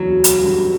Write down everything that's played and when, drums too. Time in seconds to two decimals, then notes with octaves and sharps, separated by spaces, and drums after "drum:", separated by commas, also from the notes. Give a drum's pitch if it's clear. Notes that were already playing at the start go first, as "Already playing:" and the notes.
Already playing: E1 D2 C#3 E3 F#3
0.24 drum: hi-hat
0.42 A1 G2 D3 G3 D4